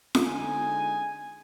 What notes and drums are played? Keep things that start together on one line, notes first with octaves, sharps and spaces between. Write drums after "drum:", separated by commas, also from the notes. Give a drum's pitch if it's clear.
drum: snare F4
D3 G#3 D#4 G#5